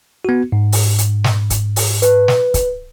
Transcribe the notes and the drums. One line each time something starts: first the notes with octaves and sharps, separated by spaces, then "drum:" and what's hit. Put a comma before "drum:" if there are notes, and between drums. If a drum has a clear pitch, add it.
B3 F#4
G#2
drum: open hi-hat
drum: hi-hat
drum: snare
drum: kick, hi-hat
drum: open hi-hat
B4, drum: hi-hat
drum: snare
drum: kick, hi-hat